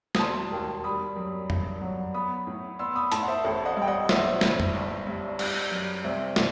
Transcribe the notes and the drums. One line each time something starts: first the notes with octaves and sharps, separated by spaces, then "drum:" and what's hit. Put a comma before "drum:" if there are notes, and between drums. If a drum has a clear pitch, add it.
D#6, drum: snare
E1 A5 C6
D#2
G3 B5 D#6
F#2
G2, drum: tom F2
F#3
B3 B5 D#6
A2
B3 C6 E6
B5 D#6
A2 A5 C6, drum: hi-hat
F#5
C5 E5
A1 A4 C5
D#5 F#5
G2
G5
D#5 F#5
B1 C5 E5, drum: snare
A2, drum: snare
drum: tom F2
G1
G2
G3, drum: cymbal
F#2
C2 C5 E5
B2, drum: snare